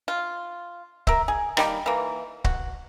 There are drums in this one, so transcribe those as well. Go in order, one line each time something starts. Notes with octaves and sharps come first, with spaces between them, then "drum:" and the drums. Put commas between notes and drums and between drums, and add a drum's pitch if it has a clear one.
F4
A#4 E5, drum: kick C#1
G#4
D#3 G3 A#3, drum: rim click
E3 A#3
F#4, drum: kick C#1